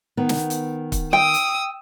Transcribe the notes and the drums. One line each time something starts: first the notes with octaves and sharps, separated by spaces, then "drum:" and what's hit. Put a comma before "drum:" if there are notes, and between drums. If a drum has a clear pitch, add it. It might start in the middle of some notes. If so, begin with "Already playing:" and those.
D#3 B3
drum: snare
drum: hi-hat
drum: kick, hi-hat
G5 D#6 E6
drum: hi-hat